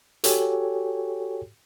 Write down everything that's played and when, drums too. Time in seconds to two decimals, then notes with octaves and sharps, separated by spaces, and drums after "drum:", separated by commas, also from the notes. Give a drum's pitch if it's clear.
0.24 F#4 G4 A4 C#5 G5 G#5, drum: hi-hat